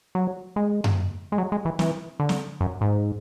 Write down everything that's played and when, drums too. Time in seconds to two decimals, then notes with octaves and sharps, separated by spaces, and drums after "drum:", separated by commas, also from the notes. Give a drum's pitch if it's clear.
0.15 F#3
0.56 G#3
0.84 drum: tom F#2
1.32 G#3
1.38 F#3
1.52 G#3
1.65 E3
1.79 E3, drum: snare
2.20 D3
2.29 drum: snare
2.61 F#2
2.81 G#2